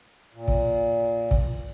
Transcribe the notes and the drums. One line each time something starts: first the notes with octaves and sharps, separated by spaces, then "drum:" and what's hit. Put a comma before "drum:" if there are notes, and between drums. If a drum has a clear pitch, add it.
A#2
drum: kick
drum: kick